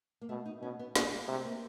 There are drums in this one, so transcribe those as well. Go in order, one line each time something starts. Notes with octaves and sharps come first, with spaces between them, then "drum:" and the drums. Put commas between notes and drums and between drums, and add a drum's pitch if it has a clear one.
A#3
B2 A3
D#4
B2 C#4
B3
B2 A#3, drum: snare
G#3
C3 A3
A#3